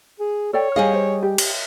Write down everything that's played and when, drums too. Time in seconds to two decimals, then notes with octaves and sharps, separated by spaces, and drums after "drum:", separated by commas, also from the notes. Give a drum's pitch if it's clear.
0.20 G#4
0.53 A4 C#5 D5 G5
0.76 G3 G#4 D#5 F5 G#5
0.93 C5
1.23 G4
1.38 drum: cymbal